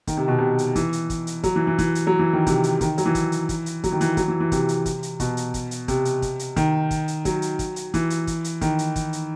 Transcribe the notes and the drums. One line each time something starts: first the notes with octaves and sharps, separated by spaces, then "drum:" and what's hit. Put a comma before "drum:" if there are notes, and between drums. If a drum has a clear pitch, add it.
D#3, drum: kick, hi-hat
C3
B2
C3
drum: hi-hat
E3, drum: kick, hi-hat
drum: hi-hat
drum: kick, hi-hat
drum: hi-hat
F#3, drum: kick, hi-hat
E3
E3
E3, drum: kick, hi-hat
drum: hi-hat
F#3
E3
D#3
C3, drum: kick, hi-hat
drum: hi-hat
D#3, drum: kick, hi-hat
F#3, drum: hi-hat
E3
drum: kick, hi-hat
drum: hi-hat
drum: kick, hi-hat
drum: hi-hat
F#3, drum: kick, hi-hat
D#3
E3, drum: hi-hat
F#3, drum: kick, hi-hat
E3
E3
C3, drum: kick, hi-hat
drum: hi-hat
drum: kick, hi-hat
drum: hi-hat
B2, drum: kick, hi-hat
drum: hi-hat
drum: kick, hi-hat
drum: hi-hat
C3, drum: kick, hi-hat
drum: hi-hat
drum: kick, hi-hat
drum: hi-hat
D#3, drum: kick, hi-hat
drum: kick, hi-hat
drum: hi-hat
F#3, drum: kick, hi-hat
drum: hi-hat
drum: kick, hi-hat
drum: hi-hat
E3, drum: kick, hi-hat
drum: hi-hat
drum: kick, hi-hat
drum: hi-hat
D#3, drum: kick, hi-hat
drum: hi-hat
drum: kick, hi-hat
drum: hi-hat